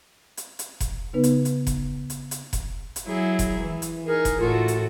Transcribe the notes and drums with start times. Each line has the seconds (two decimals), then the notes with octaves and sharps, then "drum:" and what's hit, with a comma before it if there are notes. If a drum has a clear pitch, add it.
0.37 drum: hi-hat
0.59 drum: hi-hat
0.80 drum: kick F1, hi-hat
1.14 C#3 B3 D#4 B4
1.24 drum: hi-hat
1.45 drum: hi-hat
1.67 drum: kick F1, hi-hat
2.10 drum: hi-hat
2.31 drum: hi-hat
2.53 drum: kick F1, hi-hat
2.96 drum: hi-hat
3.06 F#3 E4 G#4
3.39 drum: kick F1, hi-hat
3.60 E3
3.82 drum: hi-hat
4.07 D#4 G#4 A#4
4.25 drum: kick F1, hi-hat
4.40 A2 F4 F#4 A4
4.68 drum: hi-hat